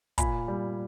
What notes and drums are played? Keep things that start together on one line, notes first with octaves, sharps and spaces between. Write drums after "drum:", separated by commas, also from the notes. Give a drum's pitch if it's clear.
A#2 G#5 B5, drum: kick, hi-hat
G3